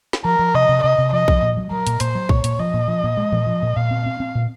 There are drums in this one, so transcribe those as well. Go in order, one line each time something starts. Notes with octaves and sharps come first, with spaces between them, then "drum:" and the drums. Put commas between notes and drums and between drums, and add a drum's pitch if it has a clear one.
drum: snare
F3 A#4
F3
C3 D#5
C3
C3 D#5
C3
F3 D#5
F3, drum: kick B1
A#2
F#3
F#3 A#4
A#2, drum: hi-hat
A#2 C5, drum: hi-hat
F#3
A#2 C#5, drum: kick B1
A#2, drum: hi-hat
F3 D#5
A#2
F3
A#2
G#3
A#2, drum: tom E3
F3
A#2
A#2 F5
C4
C4
C4
A#2